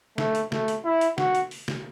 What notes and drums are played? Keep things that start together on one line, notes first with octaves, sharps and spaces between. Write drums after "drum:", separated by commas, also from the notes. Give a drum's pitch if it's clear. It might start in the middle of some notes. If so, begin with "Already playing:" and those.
A3, drum: snare
drum: hi-hat
A3, drum: snare
drum: hi-hat
E4
drum: hi-hat
F#4, drum: snare
drum: hi-hat
drum: open hi-hat
drum: snare